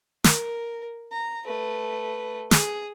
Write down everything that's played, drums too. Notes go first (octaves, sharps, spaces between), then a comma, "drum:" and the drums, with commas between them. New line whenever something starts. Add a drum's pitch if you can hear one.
A#4, drum: snare
A#5
A3 B4
G#4, drum: snare